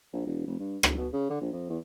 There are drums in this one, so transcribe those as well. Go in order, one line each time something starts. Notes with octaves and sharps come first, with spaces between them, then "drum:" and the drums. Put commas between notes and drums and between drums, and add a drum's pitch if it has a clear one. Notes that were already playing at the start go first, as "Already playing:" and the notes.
A#1
E1
F1
G2
E1, drum: rim click
B2
C#3
D3
A#1
F2
E2